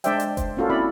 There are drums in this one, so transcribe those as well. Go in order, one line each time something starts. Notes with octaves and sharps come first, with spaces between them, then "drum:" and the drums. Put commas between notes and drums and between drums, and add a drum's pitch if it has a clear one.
G#3 D4 C5 D5 E5 G5, drum: hi-hat
drum: hi-hat
C5, drum: kick F1, hi-hat
A#3 C#4 F4 F#4 A4
C4 E4 F#4 D5 B5